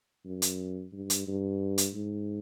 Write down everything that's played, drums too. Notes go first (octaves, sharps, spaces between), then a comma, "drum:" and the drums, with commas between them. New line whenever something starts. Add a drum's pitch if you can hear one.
F#2
drum: hi-hat
G2
drum: hi-hat
G2
drum: hi-hat
G#2